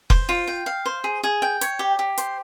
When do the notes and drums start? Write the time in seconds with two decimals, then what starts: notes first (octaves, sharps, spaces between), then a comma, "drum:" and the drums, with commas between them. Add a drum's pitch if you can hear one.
0.10 C5, drum: kick F1
0.29 F4
0.47 G5
0.66 F5
0.86 C5
1.04 G#4
1.24 G#4
1.42 G5
1.61 C#5, drum: hi-hat
1.79 G4
1.99 G4
2.18 C5, drum: hi-hat